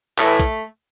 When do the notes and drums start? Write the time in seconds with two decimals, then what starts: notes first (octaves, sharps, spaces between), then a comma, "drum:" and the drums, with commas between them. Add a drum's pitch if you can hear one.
0.19 A2 E3 A3, drum: clap
0.39 drum: kick, hi-hat